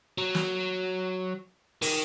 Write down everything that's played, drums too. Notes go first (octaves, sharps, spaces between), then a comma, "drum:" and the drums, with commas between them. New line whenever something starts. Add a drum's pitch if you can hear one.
F#3
drum: snare
D#3, drum: open hi-hat